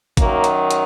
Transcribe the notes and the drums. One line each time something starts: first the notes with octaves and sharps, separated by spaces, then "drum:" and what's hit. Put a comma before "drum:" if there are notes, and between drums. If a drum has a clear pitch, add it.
F#2 D#3 F#3 A#3, drum: kick, hi-hat
drum: hi-hat
drum: hi-hat